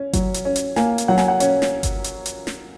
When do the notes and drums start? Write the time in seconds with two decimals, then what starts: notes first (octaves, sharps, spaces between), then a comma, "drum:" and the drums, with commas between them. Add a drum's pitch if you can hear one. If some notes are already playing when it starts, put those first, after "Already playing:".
Already playing: C#4
0.13 F#3, drum: kick G1, hi-hat
0.34 drum: hi-hat
0.45 C#4
0.56 drum: hi-hat
0.76 A#3 G#5, drum: snare
0.98 drum: hi-hat
1.08 F#3 F#5
1.18 G#5, drum: snare
1.28 F#5
1.40 C#4, drum: hi-hat
1.62 drum: snare
1.83 drum: kick G1, hi-hat
2.04 drum: hi-hat
2.26 drum: hi-hat
2.47 drum: snare